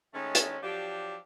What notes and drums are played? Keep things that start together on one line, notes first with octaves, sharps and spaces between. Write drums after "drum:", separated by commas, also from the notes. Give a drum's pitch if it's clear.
D#3 G#3 A3 C#4
drum: hi-hat
F3 F#3 D4 G4